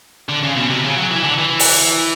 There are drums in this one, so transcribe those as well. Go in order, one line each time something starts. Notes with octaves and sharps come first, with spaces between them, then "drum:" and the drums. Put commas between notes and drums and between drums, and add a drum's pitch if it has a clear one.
D3
C#3
B2
C3
C#3
F#3
E3
D3
E3
drum: open hi-hat